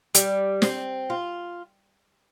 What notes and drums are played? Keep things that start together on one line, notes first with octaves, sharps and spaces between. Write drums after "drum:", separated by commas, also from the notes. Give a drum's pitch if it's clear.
G3, drum: hi-hat
C4, drum: snare
F4